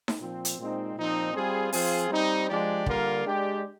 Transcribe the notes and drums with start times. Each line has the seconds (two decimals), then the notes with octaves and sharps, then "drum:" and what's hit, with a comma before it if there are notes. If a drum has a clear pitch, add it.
0.08 drum: snare D#4
0.20 A#2 F3 C4
0.45 drum: hi-hat
0.59 A#2 G#3 C4 D#4
0.96 A#2 F3 C4 D#4
1.34 G3 C4 F4 G#4
1.73 F3 C4 F4 G#4, drum: open hi-hat
2.11 G3 C4 D#4
2.49 F3 G#3 D4 G4 D5
2.86 D3 G3 A#3 F4 A#4, drum: kick
3.25 G#3 D4 G4 D5